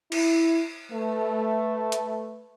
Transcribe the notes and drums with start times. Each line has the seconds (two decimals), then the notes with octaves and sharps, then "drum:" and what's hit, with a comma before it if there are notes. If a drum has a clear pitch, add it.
0.12 E4, drum: cymbal
0.92 A3 B4
1.92 drum: hi-hat